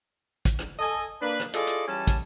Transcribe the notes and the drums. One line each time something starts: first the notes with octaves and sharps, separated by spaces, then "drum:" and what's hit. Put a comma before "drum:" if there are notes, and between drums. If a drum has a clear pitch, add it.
drum: kick, hi-hat
drum: rim click
A4 D#5 G#5
A#3 D4 B4
drum: rim click
E4 F4 G#4 A4 D5 D#5, drum: hi-hat
drum: hi-hat
E3 G3 C#4 G#5 A5
drum: kick, hi-hat